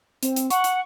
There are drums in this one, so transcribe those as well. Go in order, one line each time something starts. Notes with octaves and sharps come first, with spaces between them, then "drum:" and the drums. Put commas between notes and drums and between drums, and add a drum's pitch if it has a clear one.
C4, drum: hi-hat
drum: hi-hat
F#5 C#6, drum: hi-hat
drum: hi-hat